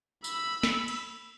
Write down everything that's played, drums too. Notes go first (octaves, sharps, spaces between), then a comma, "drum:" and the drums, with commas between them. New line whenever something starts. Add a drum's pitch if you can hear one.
B5 E6, drum: tambourine
drum: snare
drum: cymbal